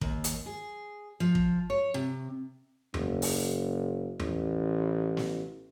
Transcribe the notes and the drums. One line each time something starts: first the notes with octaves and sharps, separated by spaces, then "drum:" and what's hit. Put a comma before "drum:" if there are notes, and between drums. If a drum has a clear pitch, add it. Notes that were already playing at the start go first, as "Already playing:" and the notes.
D#2, drum: kick
drum: hi-hat
G#4
F3
drum: kick
C#5
C3
F#1, drum: tom E2
drum: open hi-hat
A1, drum: tom E2
drum: snare